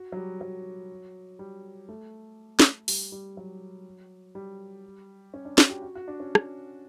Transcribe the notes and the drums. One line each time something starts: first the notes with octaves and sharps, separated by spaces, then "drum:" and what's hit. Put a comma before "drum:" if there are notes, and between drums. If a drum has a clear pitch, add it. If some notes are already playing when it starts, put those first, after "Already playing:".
Already playing: F#4
F#3
G3
F#3
G3
A3
drum: snare
G3, drum: open hi-hat
G3
F#3
G3
C#4
D4
F#4, drum: snare
G4
F#4
F#4
D4
C#4
drum: rim click